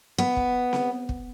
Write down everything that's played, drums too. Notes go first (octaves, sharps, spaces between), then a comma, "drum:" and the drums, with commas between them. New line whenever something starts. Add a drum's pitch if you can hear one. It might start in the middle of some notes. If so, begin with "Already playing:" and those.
B3
drum: kick
drum: snare C4
drum: kick